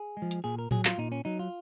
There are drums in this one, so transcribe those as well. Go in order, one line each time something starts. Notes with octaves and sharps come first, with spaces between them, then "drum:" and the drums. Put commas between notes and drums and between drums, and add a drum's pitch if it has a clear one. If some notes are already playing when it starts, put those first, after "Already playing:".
Already playing: G#4
G#3
F3
drum: hi-hat
A#2 G#4
A#4
F#3 G#4, drum: tom A2
F4, drum: clap
A#2 D#4
C#4
F#3 D#4
F4